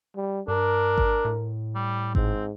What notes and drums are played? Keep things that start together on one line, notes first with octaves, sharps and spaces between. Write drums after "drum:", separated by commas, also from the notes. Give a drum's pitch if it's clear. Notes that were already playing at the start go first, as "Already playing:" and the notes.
G3
G2 D4 A#4
drum: kick G#1
A2
G3
G#2 C4, drum: kick G#1